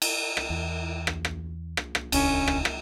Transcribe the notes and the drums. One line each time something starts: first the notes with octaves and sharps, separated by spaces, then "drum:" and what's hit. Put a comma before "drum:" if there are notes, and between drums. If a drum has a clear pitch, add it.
drum: cymbal
drum: rim click
E2
drum: rim click
drum: rim click
drum: rim click
drum: rim click
D#1 C#2 C#4 D4, drum: cymbal
drum: rim click
drum: rim click